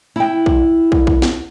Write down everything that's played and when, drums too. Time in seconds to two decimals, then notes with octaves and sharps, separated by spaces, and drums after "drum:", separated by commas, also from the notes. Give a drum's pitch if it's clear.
0.16 E4 G5
0.46 drum: kick
0.92 drum: kick
1.07 drum: kick
1.22 drum: snare